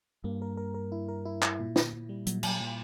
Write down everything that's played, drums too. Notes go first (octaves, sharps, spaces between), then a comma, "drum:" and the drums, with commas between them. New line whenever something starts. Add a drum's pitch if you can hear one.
G2 A#3
A#4
A#4
A#4
E4
A#4
E4
E4, drum: clap
A#2
A#2, drum: snare
A#2
G3
A#2 F#3, drum: hi-hat
A#2 F#3, drum: cymbal
A#2